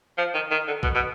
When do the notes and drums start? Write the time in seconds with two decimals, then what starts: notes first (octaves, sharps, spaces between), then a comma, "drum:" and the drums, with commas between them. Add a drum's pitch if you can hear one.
0.18 F3
0.34 D#3
0.51 D#3
0.67 D3
0.83 B2, drum: kick A1
0.95 B2